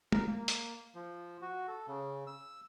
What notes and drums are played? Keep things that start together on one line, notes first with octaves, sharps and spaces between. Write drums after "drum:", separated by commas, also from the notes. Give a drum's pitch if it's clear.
A#4, drum: tom
A#3
drum: hi-hat
F3
F#4
A4
C#3
E6